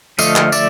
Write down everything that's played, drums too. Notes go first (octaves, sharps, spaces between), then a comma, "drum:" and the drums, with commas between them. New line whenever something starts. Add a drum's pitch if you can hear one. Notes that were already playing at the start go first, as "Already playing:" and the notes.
D3 F3 A3 D#5 F5, drum: tambourine
drum: clap
D5 E5, drum: tambourine